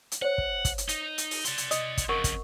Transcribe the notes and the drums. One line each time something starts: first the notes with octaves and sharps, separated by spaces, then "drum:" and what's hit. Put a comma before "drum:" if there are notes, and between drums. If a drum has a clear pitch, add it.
drum: hi-hat
C5 C#5 F#5
drum: kick
drum: kick, hi-hat
drum: hi-hat
D#4, drum: hi-hat
drum: hi-hat
drum: open hi-hat
D5 C6, drum: hi-hat
drum: hi-hat
D#5 D#6, drum: hi-hat
drum: kick, hi-hat
F2 C#3 A#4 F#5 C#6
drum: kick, hi-hat